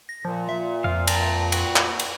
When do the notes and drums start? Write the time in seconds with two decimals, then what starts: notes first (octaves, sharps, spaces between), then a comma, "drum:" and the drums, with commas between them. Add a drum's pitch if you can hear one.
0.09 A#6
0.25 A#2 F3
0.49 E5
0.84 F2 F3 F4 F5
1.07 G5 A5 A#5, drum: cymbal
1.52 F#4 G5, drum: cymbal
1.76 drum: clap
1.99 drum: cymbal